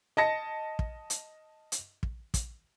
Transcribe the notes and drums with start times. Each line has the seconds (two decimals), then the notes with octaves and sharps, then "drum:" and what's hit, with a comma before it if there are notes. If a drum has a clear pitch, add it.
0.17 D#5 A5 A#6 C#7
0.79 drum: kick
1.10 drum: hi-hat
1.72 drum: hi-hat
2.03 drum: kick
2.34 drum: kick, hi-hat